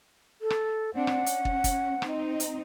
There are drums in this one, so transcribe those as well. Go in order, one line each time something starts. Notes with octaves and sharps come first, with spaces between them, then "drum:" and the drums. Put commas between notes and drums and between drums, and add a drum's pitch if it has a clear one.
A4
drum: rim click
C4 D4 F#5
drum: rim click
C#4, drum: hi-hat
drum: kick
drum: kick, hi-hat
C4 D#4, drum: rim click
drum: hi-hat